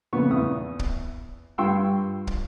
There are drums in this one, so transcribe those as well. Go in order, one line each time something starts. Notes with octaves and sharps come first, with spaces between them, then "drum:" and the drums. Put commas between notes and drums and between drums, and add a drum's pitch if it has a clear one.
F2 A#2 C#3 B3 C#6
E2 D#6
drum: kick
G2 F4 G5 C6 C#6 E6
drum: kick